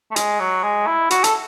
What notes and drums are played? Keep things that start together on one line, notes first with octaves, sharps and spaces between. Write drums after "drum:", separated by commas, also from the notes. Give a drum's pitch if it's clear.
A3
G#3, drum: hi-hat
F#3
G#3
E4
F#4, drum: hi-hat
A4, drum: hi-hat